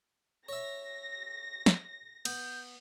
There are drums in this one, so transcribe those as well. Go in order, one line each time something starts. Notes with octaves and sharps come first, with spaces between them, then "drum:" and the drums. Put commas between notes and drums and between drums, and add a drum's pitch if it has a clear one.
C#5 E5 A#6
drum: snare
B3 G6, drum: cymbal